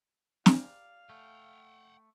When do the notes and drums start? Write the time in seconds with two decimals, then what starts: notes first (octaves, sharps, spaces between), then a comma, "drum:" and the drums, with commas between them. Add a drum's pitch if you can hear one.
0.46 G4 A#4 D5 F5, drum: snare
1.10 A3 F#5 G5